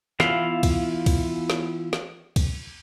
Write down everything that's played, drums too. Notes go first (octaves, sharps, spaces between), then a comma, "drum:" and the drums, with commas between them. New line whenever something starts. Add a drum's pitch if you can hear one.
E3 B3 E4 F4 F5, drum: snare
drum: kick, cymbal
drum: kick, cymbal
drum: snare
drum: snare
drum: kick, cymbal